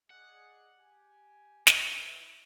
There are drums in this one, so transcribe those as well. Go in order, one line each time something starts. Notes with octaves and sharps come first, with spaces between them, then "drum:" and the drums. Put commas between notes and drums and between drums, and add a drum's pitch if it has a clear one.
G#4 D5 D#5 F#5
G4 G#5
E4 B4, drum: snare